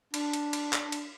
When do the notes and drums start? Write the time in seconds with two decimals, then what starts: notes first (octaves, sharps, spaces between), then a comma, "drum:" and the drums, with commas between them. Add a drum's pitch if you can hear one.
0.14 D4, drum: cymbal
0.33 drum: cymbal
0.53 drum: cymbal
0.73 drum: clap
0.92 drum: cymbal